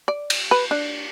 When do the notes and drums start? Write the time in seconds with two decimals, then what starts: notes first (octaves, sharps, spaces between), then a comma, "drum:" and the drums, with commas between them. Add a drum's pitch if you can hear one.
0.08 D5
0.30 drum: cymbal
0.51 B4
0.71 D4